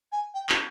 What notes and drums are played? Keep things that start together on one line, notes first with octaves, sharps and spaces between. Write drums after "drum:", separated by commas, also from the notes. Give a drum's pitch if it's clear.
G#5
G5
drum: clap